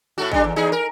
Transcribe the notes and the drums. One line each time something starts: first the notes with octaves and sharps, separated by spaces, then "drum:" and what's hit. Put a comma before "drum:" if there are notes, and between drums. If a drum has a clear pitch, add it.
A2 A3 F#4
G3 D4, drum: kick
E2
E2 D#4 G#4
A#4